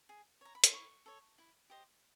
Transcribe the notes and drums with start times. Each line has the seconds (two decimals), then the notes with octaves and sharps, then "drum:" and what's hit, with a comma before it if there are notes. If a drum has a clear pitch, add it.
0.09 G#4
0.41 C#5 A#5
0.55 B5
0.64 C6, drum: hi-hat
0.73 E4 C#6
1.06 A4 C#5
1.38 E4
1.70 G4 C5 D#5